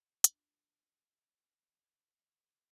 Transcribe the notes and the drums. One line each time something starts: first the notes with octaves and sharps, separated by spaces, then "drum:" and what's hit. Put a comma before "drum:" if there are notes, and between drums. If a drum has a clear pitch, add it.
D4 F4, drum: hi-hat